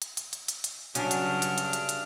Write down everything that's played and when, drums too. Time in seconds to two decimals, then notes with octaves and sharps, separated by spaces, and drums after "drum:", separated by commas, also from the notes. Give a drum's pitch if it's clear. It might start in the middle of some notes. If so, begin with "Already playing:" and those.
0.02 drum: hi-hat
0.17 drum: hi-hat
0.33 drum: hi-hat
0.48 drum: hi-hat
0.64 drum: hi-hat
0.95 G2 C#3 F#3 D4 F6, drum: hi-hat
1.11 drum: hi-hat
1.42 drum: hi-hat
1.58 drum: hi-hat
1.73 drum: hi-hat
1.89 drum: hi-hat